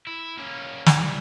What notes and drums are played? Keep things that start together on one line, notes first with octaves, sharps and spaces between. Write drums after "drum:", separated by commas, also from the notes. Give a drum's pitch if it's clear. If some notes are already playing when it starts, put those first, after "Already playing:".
E4
A#3 C#4
C2 G3, drum: snare